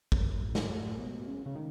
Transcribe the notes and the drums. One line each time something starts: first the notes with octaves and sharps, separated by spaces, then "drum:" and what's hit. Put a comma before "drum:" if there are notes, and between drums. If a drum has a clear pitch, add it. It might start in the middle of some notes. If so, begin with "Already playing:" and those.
F#2, drum: kick
A2
drum: snare
A2
B2
C#3
C#3
D#3